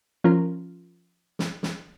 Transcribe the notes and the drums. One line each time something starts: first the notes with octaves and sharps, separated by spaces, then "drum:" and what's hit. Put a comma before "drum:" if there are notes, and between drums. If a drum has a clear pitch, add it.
F3 C#4 F4 A#4
drum: snare
drum: snare